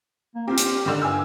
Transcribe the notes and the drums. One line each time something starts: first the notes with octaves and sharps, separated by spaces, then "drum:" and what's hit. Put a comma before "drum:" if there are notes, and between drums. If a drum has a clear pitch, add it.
A#3
C4 F4 G4
drum: hi-hat
D3 D#3
G2 G4 G#5 E6